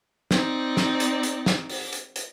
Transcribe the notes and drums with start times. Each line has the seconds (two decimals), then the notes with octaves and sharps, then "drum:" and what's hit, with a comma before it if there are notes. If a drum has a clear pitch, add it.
0.31 C4 D#4 D5, drum: snare
0.77 drum: snare
1.00 drum: hi-hat
1.23 drum: hi-hat
1.46 drum: snare
1.69 drum: open hi-hat
1.93 drum: hi-hat
2.16 drum: hi-hat